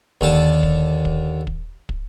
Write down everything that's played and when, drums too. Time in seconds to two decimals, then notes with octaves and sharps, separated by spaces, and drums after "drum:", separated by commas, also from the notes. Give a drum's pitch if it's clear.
0.21 D#2 D3 A5, drum: kick
0.63 drum: kick
1.05 drum: kick
1.47 drum: kick
1.89 drum: kick